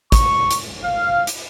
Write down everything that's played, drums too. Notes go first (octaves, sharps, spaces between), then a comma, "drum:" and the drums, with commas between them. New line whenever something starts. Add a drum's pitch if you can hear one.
C#6, drum: kick, hi-hat
drum: hi-hat
F5
drum: hi-hat